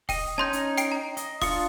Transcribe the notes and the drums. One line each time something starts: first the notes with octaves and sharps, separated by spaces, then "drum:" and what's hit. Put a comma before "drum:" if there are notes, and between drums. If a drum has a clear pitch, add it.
D#5 G5 D#7, drum: kick E1, open hi-hat
C#4 D#4 A5 C6 G6
drum: hi-hat
G5 C7 D7, drum: hi-hat
A#5
D#5, drum: hi-hat
D4 F4 D#6 C#7, drum: kick E1, open hi-hat